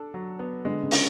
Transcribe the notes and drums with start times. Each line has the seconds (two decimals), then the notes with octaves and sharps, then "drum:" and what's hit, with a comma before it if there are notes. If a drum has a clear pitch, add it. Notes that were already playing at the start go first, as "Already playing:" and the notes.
Already playing: D4 A4
0.14 F#3
0.39 B3
0.65 D3 G#3
0.83 C#3
0.91 C#4, drum: open hi-hat